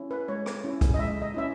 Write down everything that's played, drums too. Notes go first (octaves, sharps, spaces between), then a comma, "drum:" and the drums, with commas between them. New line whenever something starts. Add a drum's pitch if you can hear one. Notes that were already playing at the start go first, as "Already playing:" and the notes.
Already playing: C#4 E4
B4
G#3 C#5
drum: rim click
C#4 E4
drum: kick, hi-hat
D#5
G#3 E5
D#5
C#4 E4 E5